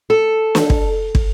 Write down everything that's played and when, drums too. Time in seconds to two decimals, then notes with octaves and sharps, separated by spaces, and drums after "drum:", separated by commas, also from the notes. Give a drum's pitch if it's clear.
0.10 A4
0.55 drum: snare
0.70 drum: kick
1.15 drum: kick